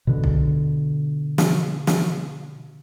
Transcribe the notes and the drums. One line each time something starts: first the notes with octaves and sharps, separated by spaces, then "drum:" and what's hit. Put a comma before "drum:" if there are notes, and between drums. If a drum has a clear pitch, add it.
B2 D3
drum: kick B1
drum: snare
drum: snare